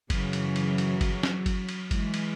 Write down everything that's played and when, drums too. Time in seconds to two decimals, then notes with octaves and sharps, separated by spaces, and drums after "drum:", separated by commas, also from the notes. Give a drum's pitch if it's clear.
0.10 F#2 C#3 E3 F#3, drum: kick G1, cymbal
0.33 drum: cymbal
0.56 drum: cymbal
0.78 drum: cymbal
1.01 drum: kick G1, cymbal
1.23 drum: snare
1.46 drum: kick G1, cymbal
1.69 drum: cymbal
1.91 E3 G#3, drum: kick G1, cymbal
2.14 drum: cymbal